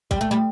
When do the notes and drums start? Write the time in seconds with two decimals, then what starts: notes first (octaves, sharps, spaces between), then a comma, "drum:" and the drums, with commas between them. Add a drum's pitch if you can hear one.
0.11 G3, drum: kick
0.21 A3
0.31 G3